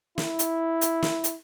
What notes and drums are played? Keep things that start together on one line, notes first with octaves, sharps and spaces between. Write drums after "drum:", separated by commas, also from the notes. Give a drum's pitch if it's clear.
E4, drum: snare
drum: hi-hat
drum: hi-hat
drum: snare
drum: hi-hat